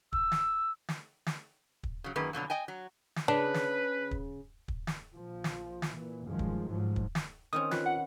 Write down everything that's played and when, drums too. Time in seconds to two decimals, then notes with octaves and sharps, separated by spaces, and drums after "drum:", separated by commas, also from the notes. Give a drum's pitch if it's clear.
0.13 E6, drum: kick
0.32 drum: snare
0.89 drum: snare
1.26 drum: snare
1.83 drum: kick
2.04 C#3 F#3
2.16 F#2 D#3 A#3 G#4 B4
2.33 F2 B2 D3 F#3
2.50 D#5 G5 G#5
2.68 F#3
3.16 drum: snare
3.28 C#3 D4 B4
3.54 drum: snare
4.11 drum: kick
4.68 drum: kick
4.87 drum: snare
5.14 A#1 F3
5.44 drum: snare
5.82 drum: snare
5.91 A#2 E3
6.27 A1 F#2 D#3 F3 G#3
6.39 drum: kick
6.69 G#2 F3 F#3
6.96 drum: kick
7.15 drum: snare
7.53 D#3 C4 C#4 D#6
7.71 F4 B4 F#6, drum: snare
7.86 F#5